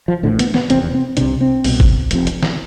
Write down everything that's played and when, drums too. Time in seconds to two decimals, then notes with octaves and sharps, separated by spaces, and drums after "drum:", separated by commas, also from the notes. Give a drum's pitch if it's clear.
0.08 F3
0.23 A1 A2 D3
0.39 B3, drum: hi-hat
0.54 B3, drum: snare
0.70 F1 E2 C3 C4, drum: hi-hat
0.94 C4
1.17 C2 C3 D4, drum: hi-hat
1.41 C4
1.64 C2 B2, drum: open hi-hat
1.80 drum: kick
2.11 F1 F2 C3, drum: hi-hat
2.27 drum: hi-hat
2.43 drum: snare